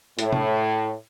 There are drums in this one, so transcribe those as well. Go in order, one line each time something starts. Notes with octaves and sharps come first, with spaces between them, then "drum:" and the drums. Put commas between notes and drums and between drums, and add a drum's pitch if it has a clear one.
A2, drum: hi-hat
drum: tom